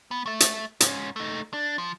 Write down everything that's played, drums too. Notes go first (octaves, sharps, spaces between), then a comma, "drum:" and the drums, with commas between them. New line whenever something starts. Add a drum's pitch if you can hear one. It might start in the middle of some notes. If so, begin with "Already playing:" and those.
B3
A3 E5
drum: hi-hat
G#2 C#4, drum: hi-hat
A3 D#4
D4
F3